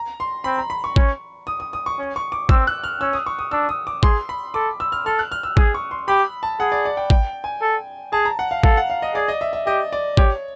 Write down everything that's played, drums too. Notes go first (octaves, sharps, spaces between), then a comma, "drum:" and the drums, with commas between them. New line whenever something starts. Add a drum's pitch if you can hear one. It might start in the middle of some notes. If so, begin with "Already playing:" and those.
Already playing: A#5
C6
C4 B5
A#5
B5
C#6
C#4, drum: kick G#1
D#6
D#6
D#6
C#6
C#4
C#6
D6
C4 E6, drum: kick G#1
F#6
F6
C#4 E6
D#6
C#6
D#6
D4 E6
D#6
D6
G#4 C6, drum: kick G#1
B5
A4 D6
E6
F6
A4 F6
F#6
F6
E6
G#4 D#6, drum: kick G#1
C#6
C6
G4 B5
A5
G#4 F#5
D5
D5
G5
G5, drum: kick G#1
G#5
A4
G#4 A5
A#5
F#5
F5
A4 F5, drum: kick G#1
F#5
F5
D#5
G#4 D5
D#5
E5
E5
G4 D#5
D5
G4 C#5, drum: kick G#1